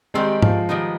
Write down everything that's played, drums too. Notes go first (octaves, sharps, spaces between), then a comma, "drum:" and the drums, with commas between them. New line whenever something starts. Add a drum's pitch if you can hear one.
D#3 G3 G#3 C4 G4
F3, drum: tom G#2
D#3 G3 B3 D#4